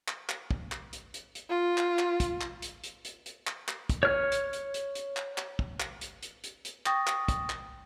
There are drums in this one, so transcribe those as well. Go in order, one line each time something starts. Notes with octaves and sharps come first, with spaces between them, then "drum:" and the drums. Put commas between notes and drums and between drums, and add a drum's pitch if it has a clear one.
drum: clap
drum: clap
drum: kick
drum: clap
drum: hi-hat
drum: hi-hat
drum: hi-hat
F4
drum: clap
drum: clap
drum: kick, hi-hat
drum: clap
drum: hi-hat
drum: hi-hat
drum: hi-hat
drum: hi-hat
drum: clap
drum: clap
drum: kick, hi-hat
C#5 F6
drum: hi-hat
drum: hi-hat
drum: hi-hat
drum: hi-hat
drum: clap
drum: clap
drum: kick
drum: clap
drum: hi-hat
drum: hi-hat
drum: hi-hat
drum: hi-hat
G5 C#6 D#6 A6 A#6, drum: clap
drum: clap
drum: kick, hi-hat
drum: clap